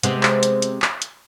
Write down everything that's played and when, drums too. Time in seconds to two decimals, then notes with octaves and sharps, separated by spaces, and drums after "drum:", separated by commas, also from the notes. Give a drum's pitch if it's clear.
0.03 C3 G#3 B3, drum: hi-hat
0.23 drum: clap
0.43 drum: hi-hat
0.62 drum: hi-hat
0.82 drum: clap
1.02 drum: hi-hat